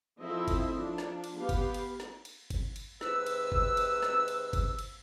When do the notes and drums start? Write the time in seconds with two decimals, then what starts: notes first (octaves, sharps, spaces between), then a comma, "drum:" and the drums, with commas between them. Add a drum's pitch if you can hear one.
0.19 F3 C4 E4 A4 D#5 E5
0.48 drum: kick F#1, cymbal
0.72 F3 D4
0.98 drum: snare
1.24 drum: cymbal
1.38 B3 G4 B4 F5
1.49 drum: kick F#1, cymbal
1.74 drum: cymbal
2.00 drum: snare
2.25 drum: cymbal
2.50 drum: kick F#1, cymbal
2.76 drum: cymbal
3.01 G#2 C3 B4 E6, drum: snare
3.26 drum: cymbal
3.52 drum: kick F#1
3.77 drum: cymbal
4.03 drum: snare
4.28 drum: cymbal
4.53 drum: kick F#1, cymbal
4.79 drum: cymbal